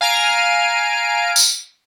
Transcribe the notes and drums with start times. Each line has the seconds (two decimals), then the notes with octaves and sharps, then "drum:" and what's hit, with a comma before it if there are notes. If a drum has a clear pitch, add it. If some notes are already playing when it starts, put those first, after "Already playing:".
0.01 F5 G#5 A#5 F6 D7
1.36 drum: tambourine